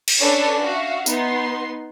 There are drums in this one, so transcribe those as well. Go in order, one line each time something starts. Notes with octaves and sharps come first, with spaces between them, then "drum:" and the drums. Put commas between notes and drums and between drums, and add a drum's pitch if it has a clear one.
drum: cymbal
C#4 D4 A4 B4 C#5
F#4 E5 F5
B3 D#4 C6, drum: tambourine